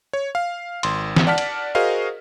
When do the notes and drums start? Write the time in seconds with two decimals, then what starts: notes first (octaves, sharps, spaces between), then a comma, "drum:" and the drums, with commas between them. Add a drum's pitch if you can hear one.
0.13 C#5
0.35 F5
0.83 G#1 C6, drum: cymbal
1.16 drum: snare
1.27 D5 F#5 A5 F6 B6
1.38 drum: cymbal
1.75 F#4 G#4 A#4 C5 D#5 F5